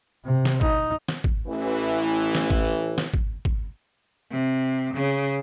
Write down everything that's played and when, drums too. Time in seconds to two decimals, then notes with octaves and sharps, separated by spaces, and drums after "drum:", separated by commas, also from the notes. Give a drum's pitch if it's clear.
0.25 C3
0.45 drum: snare
0.61 D#4, drum: kick G#1
1.08 drum: snare
1.24 drum: kick G#1
1.47 A1 E3
2.35 drum: snare
2.50 drum: kick G#1
2.98 drum: snare
3.14 drum: kick G#1
3.45 drum: kick G#1
4.32 C3
4.94 C#3